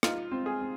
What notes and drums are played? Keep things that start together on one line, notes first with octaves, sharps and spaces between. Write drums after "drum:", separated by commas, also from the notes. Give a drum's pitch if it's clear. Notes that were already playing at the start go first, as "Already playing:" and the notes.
D#4 F4, drum: rim click
C4
G#4
C4